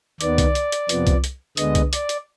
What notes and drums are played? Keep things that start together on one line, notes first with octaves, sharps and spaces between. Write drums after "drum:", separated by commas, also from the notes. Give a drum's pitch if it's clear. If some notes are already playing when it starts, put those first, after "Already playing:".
D#2 D#3 B3 D5, drum: hi-hat
drum: kick C2, hi-hat
drum: hi-hat
drum: hi-hat
F2 C3 F3 B3, drum: hi-hat
drum: kick C2, hi-hat
drum: hi-hat
D2 D3 G#3 B3 D#5, drum: hi-hat
drum: kick C2, hi-hat
D5, drum: hi-hat
drum: hi-hat